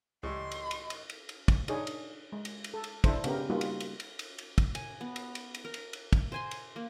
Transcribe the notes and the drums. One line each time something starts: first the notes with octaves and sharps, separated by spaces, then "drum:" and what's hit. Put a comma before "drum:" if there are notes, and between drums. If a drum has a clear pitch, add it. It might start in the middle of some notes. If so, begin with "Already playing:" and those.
C#2 A2 E3 G3 D#5 C6
drum: cymbal
drum: cymbal
drum: cymbal
drum: cymbal
drum: cymbal
drum: kick, cymbal
D4 D#4 G#4 C#5, drum: cymbal
drum: cymbal
G#3
drum: cymbal
drum: cymbal
A4
drum: cymbal
D4 E4 A4 C5, drum: kick, cymbal
C#3 B3 G4 A#4, drum: cymbal
G3 A#3 D#4 F4 F#4
drum: cymbal
drum: cymbal
drum: cymbal
drum: cymbal
drum: cymbal
drum: kick, cymbal
G#5, drum: cymbal
B3
drum: cymbal
drum: cymbal
drum: cymbal
A#4
drum: cymbal
drum: cymbal
drum: kick, cymbal
C5 G#5 C6
drum: cymbal
A#3